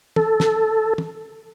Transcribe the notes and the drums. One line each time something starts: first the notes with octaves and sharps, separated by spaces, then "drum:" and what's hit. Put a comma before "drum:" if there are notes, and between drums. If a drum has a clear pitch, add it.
A4, drum: tom
drum: snare
drum: tom